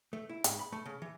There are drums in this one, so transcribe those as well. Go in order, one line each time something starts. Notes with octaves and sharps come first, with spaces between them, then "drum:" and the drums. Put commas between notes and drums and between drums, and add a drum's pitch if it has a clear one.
A3
E4
G#2, drum: hi-hat
B5
A3
C#3
E3